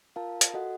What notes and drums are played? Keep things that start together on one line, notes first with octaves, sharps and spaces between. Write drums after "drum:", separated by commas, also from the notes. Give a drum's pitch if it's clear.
F4 A#4 F5 A5
drum: hi-hat
F#4 A4 D#5 F#5